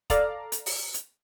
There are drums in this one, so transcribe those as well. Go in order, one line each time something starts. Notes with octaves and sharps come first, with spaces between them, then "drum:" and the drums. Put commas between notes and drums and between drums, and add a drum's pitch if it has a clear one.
A4 D5 F5 A#5, drum: kick E1, hi-hat
drum: hi-hat
drum: open hi-hat
drum: hi-hat